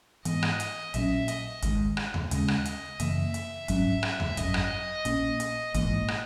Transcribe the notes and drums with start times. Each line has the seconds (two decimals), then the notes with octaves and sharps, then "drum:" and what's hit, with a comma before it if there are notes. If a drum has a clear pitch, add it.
0.25 G#2 E3 B3 D#5, drum: hi-hat
0.43 drum: rim click
0.60 drum: hi-hat
0.94 A#1 A#2 F#3 C#4 E5, drum: hi-hat
1.28 D#5, drum: hi-hat
1.62 G#1 G#2 D#3, drum: kick, hi-hat
1.97 drum: rim click
2.14 drum: tom D#2
2.31 D#2 C#3 G#3 D#5, drum: hi-hat
2.48 drum: rim click
2.65 drum: hi-hat
3.00 F#2 C#3 E3 A#3 E5, drum: hi-hat
3.34 drum: hi-hat
3.68 G#2 F#3 C#4 E5, drum: kick, hi-hat
4.03 drum: rim click
4.20 drum: tom D#2
4.37 G#1 F#2 D#3 F#3 D#5, drum: hi-hat
4.54 drum: rim click
5.05 A#1 A#2 A#3 C#4, drum: hi-hat
5.40 drum: hi-hat
5.74 A#1 G#2 E3 A#3 D#5, drum: kick, hi-hat
6.08 drum: rim click